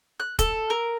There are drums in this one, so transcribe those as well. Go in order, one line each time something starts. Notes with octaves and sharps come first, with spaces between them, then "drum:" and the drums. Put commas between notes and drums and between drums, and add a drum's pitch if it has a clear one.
F#6
A4, drum: kick, hi-hat
A#4